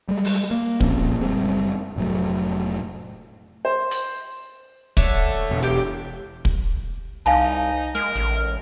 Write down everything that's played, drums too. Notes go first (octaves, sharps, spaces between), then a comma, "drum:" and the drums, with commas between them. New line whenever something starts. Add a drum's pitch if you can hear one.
G3 G#3
drum: open hi-hat
A#3
A#2 F3 C4 C#4, drum: kick
F#1 G3 G#3 C4
F1 A2 F#3 A3
C5
drum: hi-hat
D3 A3 C#5, drum: kick
E1
G4 G5
drum: kick
C2 D#4 F5 G#5 A5
G#3 A#4
A1